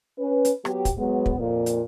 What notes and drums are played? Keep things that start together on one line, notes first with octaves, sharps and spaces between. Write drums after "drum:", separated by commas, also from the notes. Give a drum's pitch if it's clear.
C#4 B4
drum: hi-hat
F#3 B3 G4, drum: rim click
drum: kick, hi-hat
F#3 G#3 B3
drum: kick
F2 A#2
drum: hi-hat